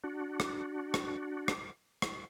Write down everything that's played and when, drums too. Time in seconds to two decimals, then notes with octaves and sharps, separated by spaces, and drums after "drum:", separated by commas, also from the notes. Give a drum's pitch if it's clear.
0.04 D4 F#4
0.40 drum: rim click
0.94 drum: rim click
1.48 drum: rim click
2.02 drum: rim click